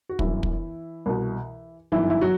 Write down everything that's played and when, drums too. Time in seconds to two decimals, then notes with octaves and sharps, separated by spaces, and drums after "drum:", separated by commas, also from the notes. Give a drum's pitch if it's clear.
0.09 F#4
0.19 G1 F#2 E3 E4, drum: kick
0.43 drum: kick
1.06 C2 B2
1.92 G1 F#2 D#3 E3 E4
2.10 E4
2.21 F#3 F#4